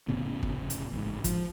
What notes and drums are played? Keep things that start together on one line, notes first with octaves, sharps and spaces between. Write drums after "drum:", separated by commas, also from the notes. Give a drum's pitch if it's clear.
F1 A2 C#3 B3
drum: kick
drum: hi-hat
A1 G#2
F3, drum: kick, hi-hat